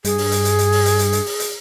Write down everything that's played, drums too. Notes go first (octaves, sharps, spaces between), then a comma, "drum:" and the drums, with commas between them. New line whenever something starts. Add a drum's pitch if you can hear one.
G2 G#4, drum: hi-hat
drum: open hi-hat
drum: hi-hat
drum: hi-hat
drum: hi-hat
drum: open hi-hat
drum: hi-hat
drum: hi-hat
drum: hi-hat
drum: open hi-hat
drum: hi-hat